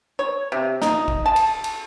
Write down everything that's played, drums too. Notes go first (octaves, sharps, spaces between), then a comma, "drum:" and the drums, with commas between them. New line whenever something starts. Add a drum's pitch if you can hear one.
C#5
C3
D#4, drum: snare
drum: kick
A5
drum: cymbal
drum: cymbal